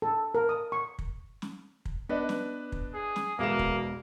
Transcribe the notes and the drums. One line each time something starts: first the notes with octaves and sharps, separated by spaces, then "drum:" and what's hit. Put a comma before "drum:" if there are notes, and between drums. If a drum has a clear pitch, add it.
A4
A#4
D#6
C#6
drum: kick
drum: snare
drum: kick
B3 D4 B4 D#5
drum: snare
drum: kick
G#4
drum: snare
E1 B2 G#3 A#3 B3 E5 E7
drum: kick